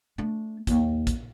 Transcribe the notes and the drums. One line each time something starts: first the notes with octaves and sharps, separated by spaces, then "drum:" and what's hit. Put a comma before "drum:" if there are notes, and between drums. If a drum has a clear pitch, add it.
A3 D4
D#2, drum: kick, hi-hat
drum: kick, hi-hat